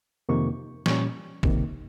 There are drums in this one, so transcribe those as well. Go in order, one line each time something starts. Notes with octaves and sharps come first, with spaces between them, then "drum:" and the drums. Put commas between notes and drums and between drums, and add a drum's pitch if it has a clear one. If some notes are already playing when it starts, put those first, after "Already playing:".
F2 C3 D#3 A#3 C#6
A#2 G3 C#4 C#6, drum: snare
C#2 C3 D#3 A#3, drum: kick